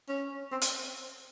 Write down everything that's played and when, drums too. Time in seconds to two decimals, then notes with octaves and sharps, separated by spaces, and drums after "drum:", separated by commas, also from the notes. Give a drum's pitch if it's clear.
0.09 C#4
0.52 C4
0.61 drum: hi-hat